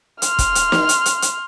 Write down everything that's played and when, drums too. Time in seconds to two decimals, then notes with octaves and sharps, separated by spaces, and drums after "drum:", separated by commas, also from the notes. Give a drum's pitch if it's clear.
0.22 C6 F6, drum: hi-hat
0.39 drum: kick, hi-hat
0.55 drum: hi-hat
0.72 drum: snare
0.89 drum: hi-hat
1.06 drum: hi-hat
1.22 drum: hi-hat